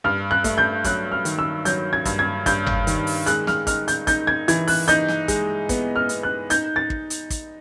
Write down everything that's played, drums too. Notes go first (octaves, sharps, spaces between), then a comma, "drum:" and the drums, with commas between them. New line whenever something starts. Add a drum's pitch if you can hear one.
G2 F6
F#6
A3, drum: kick, hi-hat
G6
F#3 F#6, drum: kick, hi-hat
F6
D#3, drum: hi-hat
E6
F#3 G6, drum: hi-hat
G#6
G2, drum: kick, hi-hat
G#6
G2 G6, drum: kick, hi-hat
drum: tom G1
D#3, drum: hi-hat
drum: open hi-hat
G#3 F#6, drum: hi-hat
F6, drum: snare
D#4 F6, drum: kick, hi-hat
G6, drum: hi-hat
D#4 G6, drum: kick, hi-hat
G#6
E3 G#6, drum: hi-hat
F#6, drum: open hi-hat
D#4 G6, drum: hi-hat
drum: snare
G#3, drum: kick, hi-hat
B3, drum: kick, hi-hat
F6
B3, drum: hi-hat
F#6
D#4 G6, drum: hi-hat
A6
drum: kick
drum: hi-hat
drum: kick, hi-hat